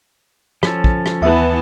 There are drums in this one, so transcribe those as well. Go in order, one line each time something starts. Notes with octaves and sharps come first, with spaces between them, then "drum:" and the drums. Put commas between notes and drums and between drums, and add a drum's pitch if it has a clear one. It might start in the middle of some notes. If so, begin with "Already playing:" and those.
F3 C#4 A4, drum: rim click
drum: kick
drum: rim click
D#2 E3 B3 E5 A5